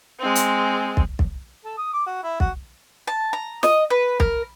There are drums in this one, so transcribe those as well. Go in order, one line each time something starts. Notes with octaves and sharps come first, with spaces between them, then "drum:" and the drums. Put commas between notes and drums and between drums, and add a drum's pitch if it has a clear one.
G#3 C4
drum: hi-hat
drum: kick
drum: kick
A4
D#6
D6
F#4
E4
F#4, drum: kick
A5
A#5
D#5, drum: snare
B4
A#4, drum: kick